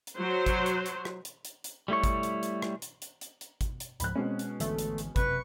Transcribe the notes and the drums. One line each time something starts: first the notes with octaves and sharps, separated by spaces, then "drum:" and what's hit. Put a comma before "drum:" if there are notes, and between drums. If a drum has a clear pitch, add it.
drum: hi-hat
F#3 C5
drum: kick G#1, hi-hat
drum: hi-hat
drum: hi-hat
drum: rim click
drum: hi-hat
drum: hi-hat
drum: hi-hat
G3 A3 E4 C#5
drum: kick G#1, hi-hat
drum: hi-hat
drum: hi-hat
drum: rim click
drum: hi-hat
drum: hi-hat
drum: hi-hat
drum: hi-hat
drum: kick G#1, hi-hat
drum: hi-hat
C#2 G#2 F3 B5 F#6, drum: hi-hat
B2 G#3 C4 C#4
drum: hi-hat
G#1 D3 E3 A3, drum: hi-hat
drum: hi-hat
drum: hi-hat
F#1 F#2 C3 B4 C#6, drum: kick G#1, hi-hat